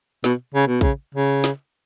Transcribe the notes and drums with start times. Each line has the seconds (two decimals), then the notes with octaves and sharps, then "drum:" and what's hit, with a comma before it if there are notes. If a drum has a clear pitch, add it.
0.24 B2, drum: snare
0.54 C#3
0.67 B2
0.81 C#3, drum: kick
1.15 C#3
1.44 drum: snare